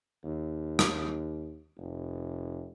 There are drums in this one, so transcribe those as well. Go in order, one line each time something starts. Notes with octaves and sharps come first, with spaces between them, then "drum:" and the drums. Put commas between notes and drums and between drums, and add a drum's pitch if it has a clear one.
D#2
drum: rim click
F1